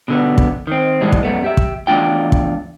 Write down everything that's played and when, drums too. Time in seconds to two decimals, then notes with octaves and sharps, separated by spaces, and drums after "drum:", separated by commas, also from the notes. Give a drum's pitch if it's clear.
0.08 B2 D3 B3
0.38 drum: kick
0.67 D#3 C4
1.01 A2 E3 G3 G#3
1.12 drum: kick
1.23 F#2 A3 B3
1.44 G4 E5
1.57 drum: kick
1.87 E2 A3 D4 F4 G5
2.32 drum: kick